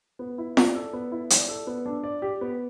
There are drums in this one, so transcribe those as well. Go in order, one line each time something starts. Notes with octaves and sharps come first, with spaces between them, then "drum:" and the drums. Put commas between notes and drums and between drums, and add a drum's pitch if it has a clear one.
B3
E4
D5, drum: snare
A4
B3
E4
D5, drum: hi-hat
A4
B3
D4
D5
G4
B3